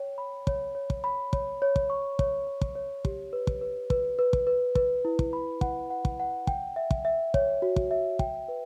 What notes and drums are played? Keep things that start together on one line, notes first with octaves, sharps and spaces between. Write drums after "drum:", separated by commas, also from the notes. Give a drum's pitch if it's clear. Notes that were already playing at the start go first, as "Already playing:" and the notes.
Already playing: C#5 G5
B5
C#5, drum: kick
C#5
drum: kick
B5
C#5, drum: kick
C#5
drum: kick
C#6
C#5, drum: kick
C#5
drum: kick
C#5
G4, drum: kick
B4
drum: kick
B4
B4, drum: kick
B4
drum: kick
B4
B4, drum: kick
E4
drum: kick
B5
F#5, drum: kick
F#5
drum: kick
F#5
G5, drum: kick
E5
drum: kick
E5
C#5, drum: kick
F#4
drum: kick
E5
G5, drum: kick
B4